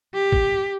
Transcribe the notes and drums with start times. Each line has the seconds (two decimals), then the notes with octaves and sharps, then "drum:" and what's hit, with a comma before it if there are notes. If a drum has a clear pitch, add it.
0.14 G4
0.32 drum: kick